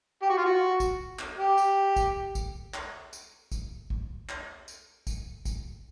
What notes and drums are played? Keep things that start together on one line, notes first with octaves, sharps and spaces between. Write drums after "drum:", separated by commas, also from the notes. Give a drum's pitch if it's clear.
G4
F#4
F4
F#4
drum: kick, tambourine
drum: clap
G4
drum: tambourine
drum: kick, tambourine
drum: kick, tambourine
drum: clap
drum: tambourine
drum: kick, tambourine
drum: kick
drum: clap
drum: tambourine
drum: kick, tambourine
drum: kick, tambourine